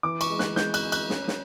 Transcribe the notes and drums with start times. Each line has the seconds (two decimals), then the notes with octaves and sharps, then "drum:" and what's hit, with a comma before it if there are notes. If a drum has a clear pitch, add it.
0.03 E3 D6
0.21 C#6, drum: cymbal
0.30 G#3
0.39 F#6, drum: snare
0.56 G#3 G6, drum: snare
0.74 F#6, drum: cymbal
0.83 G#3
0.92 F#6, drum: cymbal
1.10 C#4, drum: snare
1.28 drum: snare